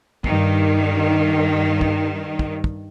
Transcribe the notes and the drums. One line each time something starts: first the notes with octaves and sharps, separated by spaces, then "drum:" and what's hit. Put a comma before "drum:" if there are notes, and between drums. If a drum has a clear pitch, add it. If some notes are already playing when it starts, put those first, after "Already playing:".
G2 D#3, drum: kick
drum: kick
drum: kick
drum: kick